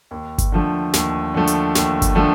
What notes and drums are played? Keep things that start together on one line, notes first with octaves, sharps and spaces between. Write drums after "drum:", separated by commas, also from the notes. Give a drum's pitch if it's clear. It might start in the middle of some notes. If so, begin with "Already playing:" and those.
D#2
drum: kick G1, hi-hat
D3 F3 A3
D#2, drum: snare
D3 F3 A3
drum: hi-hat
D#2, drum: snare
drum: kick G1, hi-hat
D3 F3 A3